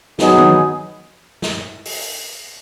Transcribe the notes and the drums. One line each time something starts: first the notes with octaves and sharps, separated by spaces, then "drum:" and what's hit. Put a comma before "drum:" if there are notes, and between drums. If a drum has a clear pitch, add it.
F#3 B3 D#4 G#4, drum: snare
drum: tom D#3
drum: snare
drum: open hi-hat